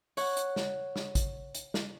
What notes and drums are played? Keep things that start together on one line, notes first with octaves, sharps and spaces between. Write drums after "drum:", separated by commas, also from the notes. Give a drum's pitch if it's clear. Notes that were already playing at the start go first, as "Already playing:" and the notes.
C#5 F#5, drum: open hi-hat
drum: hi-hat
drum: snare
drum: snare
drum: kick, hi-hat
drum: hi-hat
drum: snare